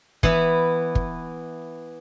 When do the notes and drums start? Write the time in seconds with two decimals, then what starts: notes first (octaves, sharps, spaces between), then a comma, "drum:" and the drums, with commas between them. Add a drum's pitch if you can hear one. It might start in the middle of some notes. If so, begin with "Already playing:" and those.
0.23 E3 B3 E4, drum: kick
0.95 drum: kick